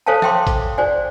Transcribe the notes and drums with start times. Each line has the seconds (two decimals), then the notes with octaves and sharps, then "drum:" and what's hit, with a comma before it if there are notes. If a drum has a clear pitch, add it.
0.06 A4 C5 C#5 F5 G#5 A5
0.22 E5 G5 C6 D6, drum: snare
0.47 drum: kick, hi-hat
0.78 F#4 C5 D5 G#5